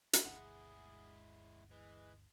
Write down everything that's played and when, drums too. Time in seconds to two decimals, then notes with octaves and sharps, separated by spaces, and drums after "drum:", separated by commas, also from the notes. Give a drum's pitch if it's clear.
0.13 drum: hi-hat
0.24 G1 D2 G#3 E4 G#4 F#5
1.71 E3 G#3